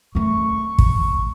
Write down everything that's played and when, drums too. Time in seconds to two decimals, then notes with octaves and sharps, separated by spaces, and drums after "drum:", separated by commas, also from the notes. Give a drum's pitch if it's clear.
0.15 D#3 A3 C#6
0.78 drum: kick